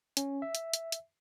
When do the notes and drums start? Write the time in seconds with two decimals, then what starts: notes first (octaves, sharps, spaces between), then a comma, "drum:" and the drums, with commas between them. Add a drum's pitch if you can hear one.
0.17 C#4, drum: hi-hat
0.42 E5
0.55 drum: hi-hat
0.73 drum: hi-hat
0.92 drum: hi-hat